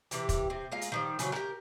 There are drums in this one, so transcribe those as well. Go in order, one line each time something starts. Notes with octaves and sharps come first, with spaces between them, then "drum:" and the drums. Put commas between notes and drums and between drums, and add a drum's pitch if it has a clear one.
C3 E3 G4, drum: hi-hat
drum: kick, hi-hat
C3 C4
G#3 A#3 F4 F5
drum: hi-hat
D#3 F3 G3
C#3 E3 F#3 C4, drum: hi-hat
G4 A#4, drum: rim click